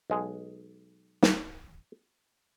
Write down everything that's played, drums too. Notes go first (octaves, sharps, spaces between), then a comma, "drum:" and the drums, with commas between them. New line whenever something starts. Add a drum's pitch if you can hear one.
B1 G#3
drum: snare